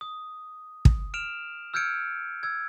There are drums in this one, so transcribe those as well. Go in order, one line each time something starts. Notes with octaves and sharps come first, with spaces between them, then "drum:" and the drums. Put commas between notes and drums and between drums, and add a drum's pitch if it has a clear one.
D#6
drum: kick
F6 D7 E7 F7
E6 F6 G6 G#6 C#7 D7
E6 G#6